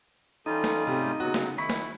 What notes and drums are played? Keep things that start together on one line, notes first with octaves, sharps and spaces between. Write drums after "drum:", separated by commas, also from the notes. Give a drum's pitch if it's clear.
E3 G3 C#4 D#4 F4 A4
drum: snare
G#2 C3 A3 G4
C#3 F#3 B3 F#4
drum: snare
D#3 E4 B5 C#6 B6
drum: snare